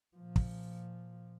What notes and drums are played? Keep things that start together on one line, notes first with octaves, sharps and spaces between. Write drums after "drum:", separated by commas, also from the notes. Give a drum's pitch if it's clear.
A#2 F3
drum: kick